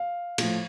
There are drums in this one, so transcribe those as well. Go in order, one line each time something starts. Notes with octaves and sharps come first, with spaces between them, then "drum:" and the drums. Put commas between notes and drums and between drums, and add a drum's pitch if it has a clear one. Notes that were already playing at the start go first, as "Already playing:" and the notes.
Already playing: F5
A2 F3, drum: cymbal